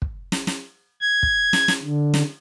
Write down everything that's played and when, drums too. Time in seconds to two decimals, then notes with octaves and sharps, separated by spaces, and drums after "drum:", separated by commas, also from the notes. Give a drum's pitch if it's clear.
0.02 drum: kick
0.32 drum: snare
0.47 drum: snare
1.01 G#6
1.23 drum: kick
1.53 drum: snare
1.68 drum: snare
1.83 D3
2.14 drum: snare